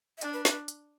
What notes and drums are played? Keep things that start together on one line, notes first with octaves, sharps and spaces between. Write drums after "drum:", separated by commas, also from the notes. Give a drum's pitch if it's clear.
E5
D4 D5, drum: hi-hat
B4
B4, drum: snare
drum: hi-hat